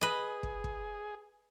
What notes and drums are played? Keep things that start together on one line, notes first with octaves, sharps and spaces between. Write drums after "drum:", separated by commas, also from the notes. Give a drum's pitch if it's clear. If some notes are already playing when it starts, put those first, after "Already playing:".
G#4 B4 D#5
drum: kick
drum: kick